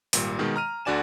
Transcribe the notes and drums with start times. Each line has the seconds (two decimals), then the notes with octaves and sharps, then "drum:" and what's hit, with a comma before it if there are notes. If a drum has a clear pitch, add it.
0.13 G#1 A#2 G3, drum: open hi-hat
0.39 B2 D#3 G#3
0.56 A#5 F6 D#7
0.85 D2 D3 F#4 D5 G#5 E7